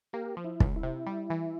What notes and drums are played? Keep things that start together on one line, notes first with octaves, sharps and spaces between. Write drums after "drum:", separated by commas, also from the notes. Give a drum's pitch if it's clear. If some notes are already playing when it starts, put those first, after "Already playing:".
A#3 G4 A#4
F3
E4
C#2, drum: kick
E4
C3
G3
E3